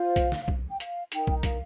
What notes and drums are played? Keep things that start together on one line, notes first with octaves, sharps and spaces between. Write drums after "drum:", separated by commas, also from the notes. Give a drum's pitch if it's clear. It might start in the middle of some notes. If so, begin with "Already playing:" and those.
Already playing: F4 C5 F5
drum: kick, hi-hat
drum: snare
drum: kick
G5
F5, drum: hi-hat
D#4 A#4 G5, drum: hi-hat
drum: kick
F5, drum: kick, hi-hat